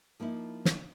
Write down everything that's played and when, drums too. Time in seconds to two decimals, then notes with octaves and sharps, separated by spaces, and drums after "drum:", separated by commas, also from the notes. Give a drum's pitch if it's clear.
0.20 F3 A#3 D#4 E4
0.65 drum: snare